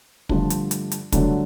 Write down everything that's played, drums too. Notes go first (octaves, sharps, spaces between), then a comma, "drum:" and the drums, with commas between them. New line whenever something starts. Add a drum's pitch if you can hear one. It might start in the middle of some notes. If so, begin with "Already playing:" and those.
G2 D3 F3 A3 D4, drum: kick
drum: hi-hat
drum: hi-hat
drum: hi-hat
G2 D3 F#3 A3 D4, drum: kick, hi-hat